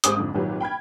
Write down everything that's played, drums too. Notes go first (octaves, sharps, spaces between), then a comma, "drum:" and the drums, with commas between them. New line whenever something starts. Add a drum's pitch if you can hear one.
G#1 G#3 G4 C5 D6 D#6, drum: hi-hat
F2 G#2 D3
G#1 A#2 D#3 F#3 G4 B4
G5 B5 F6 G#6